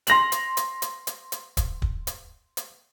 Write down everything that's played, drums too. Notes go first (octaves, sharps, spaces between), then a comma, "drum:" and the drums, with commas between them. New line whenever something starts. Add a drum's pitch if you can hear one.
C6 A#6 F7 F#7, drum: hi-hat
drum: hi-hat
drum: hi-hat
drum: hi-hat
drum: hi-hat
drum: hi-hat
drum: kick, hi-hat
drum: kick
drum: hi-hat
drum: hi-hat